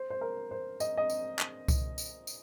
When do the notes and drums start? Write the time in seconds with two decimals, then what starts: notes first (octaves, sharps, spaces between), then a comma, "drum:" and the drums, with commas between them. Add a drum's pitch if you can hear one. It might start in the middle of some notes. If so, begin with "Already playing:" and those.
Already playing: C5
0.10 C5
0.21 A#4
0.51 C5
0.80 D#5, drum: tambourine
0.97 D#5
1.10 drum: tambourine
1.39 drum: clap
1.68 drum: kick C2, tambourine
1.98 drum: tambourine
2.27 drum: tambourine